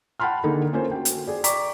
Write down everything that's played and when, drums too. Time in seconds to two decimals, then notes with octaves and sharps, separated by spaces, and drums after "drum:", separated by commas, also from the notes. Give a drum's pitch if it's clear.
0.20 F#5 G5 A5 B5 C6 F6
0.44 D3 A#3 D#4 G#4 A4
0.73 A#3 C#4 F4 A4 A#4 C5
0.91 F#4 G5
1.05 drum: hi-hat
1.27 G#4 D5
1.44 D5 G5 A#5 C#6 D6 B6, drum: hi-hat